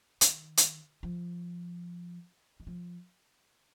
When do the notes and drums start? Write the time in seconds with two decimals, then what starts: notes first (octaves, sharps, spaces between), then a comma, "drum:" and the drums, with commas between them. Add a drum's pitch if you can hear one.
0.21 D#3, drum: hi-hat
0.57 drum: hi-hat
1.03 F3
2.60 D#3
2.67 F3